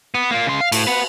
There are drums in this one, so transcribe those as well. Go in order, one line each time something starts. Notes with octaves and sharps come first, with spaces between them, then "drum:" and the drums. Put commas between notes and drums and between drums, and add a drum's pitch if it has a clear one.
B3
A#3 F4
C#3 C6
F5
A2, drum: cymbal
B4 F#5